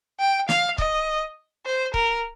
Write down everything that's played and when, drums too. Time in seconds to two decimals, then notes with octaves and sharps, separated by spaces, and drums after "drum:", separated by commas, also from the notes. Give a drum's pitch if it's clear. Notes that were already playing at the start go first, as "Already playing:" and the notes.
0.20 G5
0.49 F5, drum: snare
0.78 D#5, drum: kick
1.66 C5
1.94 A#4, drum: kick